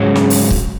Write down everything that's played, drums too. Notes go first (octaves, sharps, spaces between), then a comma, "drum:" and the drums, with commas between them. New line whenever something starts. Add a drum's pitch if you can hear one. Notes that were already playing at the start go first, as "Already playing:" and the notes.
Already playing: G#2 C#3 F#3 C#4 F#4
drum: snare
drum: open hi-hat
drum: kick